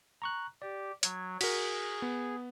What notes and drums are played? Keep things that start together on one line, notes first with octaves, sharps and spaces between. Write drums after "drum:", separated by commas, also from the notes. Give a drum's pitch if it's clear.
A#5 C#6 F#6
G4 D5
F#3 G#6, drum: hi-hat
F#4 G#4 A#4 B6, drum: cymbal
B3